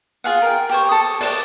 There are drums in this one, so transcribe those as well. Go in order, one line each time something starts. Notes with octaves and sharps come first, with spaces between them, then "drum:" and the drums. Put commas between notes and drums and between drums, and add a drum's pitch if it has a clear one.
F4 G#4 F5 F#5
A#4 G5
G4 C5 C#5
A4 D#6
D5, drum: open hi-hat